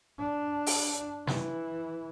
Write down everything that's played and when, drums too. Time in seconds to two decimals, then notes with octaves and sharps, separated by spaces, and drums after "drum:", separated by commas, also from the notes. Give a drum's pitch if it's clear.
0.19 D4
0.66 drum: open hi-hat
1.27 E3, drum: snare